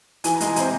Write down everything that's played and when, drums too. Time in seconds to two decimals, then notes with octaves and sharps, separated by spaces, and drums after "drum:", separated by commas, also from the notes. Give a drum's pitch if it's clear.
0.24 E3 G#5, drum: hi-hat
0.36 A#5
0.40 G#3, drum: hi-hat
0.48 G#5
0.56 C3 C5, drum: hi-hat